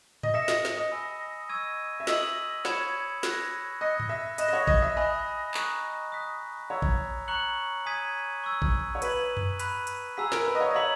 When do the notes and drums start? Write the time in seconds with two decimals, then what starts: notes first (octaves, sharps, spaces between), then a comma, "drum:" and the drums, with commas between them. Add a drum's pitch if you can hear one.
0.23 D#5, drum: tom G#2
0.34 E5 D#6 A#6 C#7 E7
0.48 D#5, drum: snare
0.65 drum: snare
0.77 D#5
0.92 G#5 B5 E6
1.49 C#6 E6 G#6 D#7
2.00 E5
2.07 D#5 E6 B6 F#7, drum: snare
2.65 C#5 B5 D#6 G#6 C#7 E7, drum: snare
3.23 B5 F#6 A#6, drum: snare
3.81 D#5 F#6 A#6 C#7
4.00 drum: tom G#2
4.09 E5
4.38 D#5 B5 F#6 A#6 E7, drum: hi-hat
4.48 D#5
4.53 C#5
4.67 D#5, drum: kick A1
4.82 E5
4.97 D#5 G#5 B5 F#6
5.54 A#5 C#6 F#6, drum: clap
6.12 D#6 F#6 B6
6.70 C#5 A#5 E6 B6
6.82 drum: kick A1
7.28 A#5 C#6 F#6 C#7 F#7
7.86 G#5 D#6 G#6 B6 D#7
8.44 C#6 E6 G#6
8.62 drum: kick A1
8.95 C#5
9.02 B4 E6 G#6 B6 D#7 F#7, drum: hi-hat
9.37 drum: tom F#2
9.59 B5 F#6 B6 D#7, drum: hi-hat
9.87 drum: hi-hat
10.17 G#4 A#5 E6 B6
10.32 A#4, drum: snare
10.46 B4
10.55 D#5
10.61 C#5
10.70 D#5
10.75 C#5 A#5 E6 B6 F#7